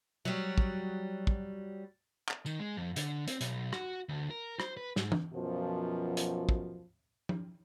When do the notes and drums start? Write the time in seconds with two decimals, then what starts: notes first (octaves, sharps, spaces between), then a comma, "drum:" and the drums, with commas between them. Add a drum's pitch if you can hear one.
0.25 F#3 G3
0.58 drum: kick
1.27 drum: kick
2.29 drum: clap
2.46 D#3, drum: tambourine
2.59 G#3
2.77 F2
2.96 D3, drum: hi-hat
3.28 C4, drum: hi-hat
3.41 B1, drum: hi-hat
3.73 F#4, drum: rim click
4.09 D2
4.31 A#4
4.60 C5, drum: rim click
4.77 B4
4.96 G#2, drum: snare
5.12 drum: tom E3
5.34 F#2 B2 F3
6.17 drum: hi-hat
6.49 drum: kick
7.29 drum: tom F3